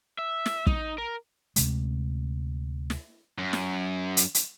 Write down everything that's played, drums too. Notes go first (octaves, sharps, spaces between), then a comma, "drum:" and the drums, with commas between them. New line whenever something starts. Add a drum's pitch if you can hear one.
E5
drum: snare
D#4, drum: kick
A#4
D2 C3 G#3, drum: hi-hat
drum: snare
F#2
drum: snare
drum: hi-hat
drum: hi-hat